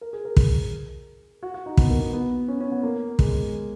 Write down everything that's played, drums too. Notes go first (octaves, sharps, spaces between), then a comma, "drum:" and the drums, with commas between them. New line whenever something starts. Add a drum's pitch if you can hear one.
A#4
G#4
A#4
drum: kick
F#4
F#4
D#4
B3, drum: kick
A#3
B3
B3
C#4
C#4
B3
A#3
G#3, drum: kick